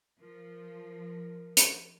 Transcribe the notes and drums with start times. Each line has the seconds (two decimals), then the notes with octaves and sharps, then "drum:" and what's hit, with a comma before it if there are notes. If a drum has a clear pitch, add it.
0.21 F3 A#4
1.57 drum: hi-hat